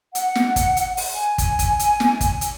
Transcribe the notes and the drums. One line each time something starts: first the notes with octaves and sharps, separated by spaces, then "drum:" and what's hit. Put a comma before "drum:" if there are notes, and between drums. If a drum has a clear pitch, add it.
F#5, drum: hi-hat
drum: snare
drum: kick, hi-hat
drum: hi-hat
drum: open hi-hat
G#5
drum: kick, hi-hat
drum: kick, hi-hat
drum: hi-hat
drum: snare
drum: kick, hi-hat
drum: hi-hat